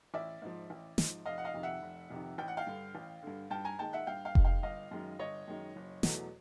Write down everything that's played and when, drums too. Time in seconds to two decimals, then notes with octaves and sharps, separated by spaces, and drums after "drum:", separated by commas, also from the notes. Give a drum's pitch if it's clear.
0.14 A1 D5 E5
0.42 G#2 F3
0.70 A1
0.98 G#2 F3, drum: snare
1.25 F1 D#5 F5
1.38 F#5
1.44 D#5 F5
1.54 F2 C3 D#3
1.63 E5 F#5
1.82 F1
2.10 F2 C3 D#3
2.38 A1 G5
2.48 F#5
2.57 F5 G5
2.67 G2 D3
2.95 A1
3.23 G2 D3
3.50 G2 G5 A5
3.65 G#5 A#5
3.79 D#3 G#3 G5 A5
3.93 E5 F#5
4.07 G2 F5 G5
4.25 F5 G5
4.35 D#3 G#3, drum: kick F1
4.44 F5 G5
4.63 G1 D#5 F5
4.91 F#2 D#3 G#3
5.19 G1 C#5 D#5
5.48 F#2 D#3 G#3
5.76 F#1
6.03 E2 B2 F#3 A3, drum: snare